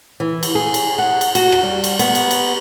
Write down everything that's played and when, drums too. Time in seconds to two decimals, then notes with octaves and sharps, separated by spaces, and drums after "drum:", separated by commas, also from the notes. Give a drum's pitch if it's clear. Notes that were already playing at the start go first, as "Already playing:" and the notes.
0.20 E3
0.43 drum: cymbal
0.55 G#4
0.74 drum: cymbal
0.98 F#5
1.21 drum: cymbal
1.35 F#4, drum: cymbal
1.52 drum: rim click
1.63 G3
1.84 drum: cymbal
1.99 B3, drum: cymbal
2.15 drum: cymbal
2.31 drum: cymbal